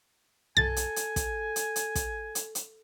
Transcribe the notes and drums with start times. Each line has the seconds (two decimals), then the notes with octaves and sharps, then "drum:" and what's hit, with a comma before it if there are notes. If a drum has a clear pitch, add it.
0.57 A4 G#5 A6, drum: tom B1
0.76 drum: hi-hat
0.96 drum: hi-hat
1.16 drum: kick, hi-hat
1.56 drum: hi-hat
1.76 drum: hi-hat
1.95 drum: kick, hi-hat
2.35 drum: hi-hat
2.55 drum: hi-hat